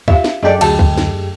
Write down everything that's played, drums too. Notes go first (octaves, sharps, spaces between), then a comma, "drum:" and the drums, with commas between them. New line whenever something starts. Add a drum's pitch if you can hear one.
F4 G4 E5 F5, drum: kick
drum: snare
F#2 G#3 D4 G4 A4 D5 D#5
D2 F#4 G#4 A5, drum: cymbal
drum: kick
drum: snare